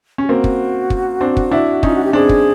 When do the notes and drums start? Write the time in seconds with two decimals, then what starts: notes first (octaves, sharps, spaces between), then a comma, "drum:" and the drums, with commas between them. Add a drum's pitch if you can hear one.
0.18 C#4
0.24 G4
0.28 A#3 C4 F#4
0.44 drum: kick
0.90 drum: kick
1.21 C4 D4
1.37 drum: kick
1.51 D4 E4
1.83 C#4 D#4 F4, drum: kick
1.95 F#4
2.04 G4
2.13 C4 D4 G#4
2.29 drum: kick